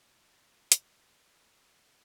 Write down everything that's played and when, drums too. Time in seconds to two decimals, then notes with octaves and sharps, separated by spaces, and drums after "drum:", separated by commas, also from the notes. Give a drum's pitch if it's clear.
0.21 A#2 G3 C4 D6
0.72 D#6, drum: hi-hat